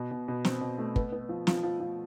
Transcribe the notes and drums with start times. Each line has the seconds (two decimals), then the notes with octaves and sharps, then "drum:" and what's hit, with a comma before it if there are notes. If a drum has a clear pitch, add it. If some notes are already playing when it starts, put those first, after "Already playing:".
Already playing: B2
0.11 B2
0.28 B2
0.45 C4, drum: snare
0.61 B2
0.78 A3
0.96 B3, drum: kick
1.12 B3
1.29 F3
1.47 F3, drum: snare
1.63 F3
1.80 F3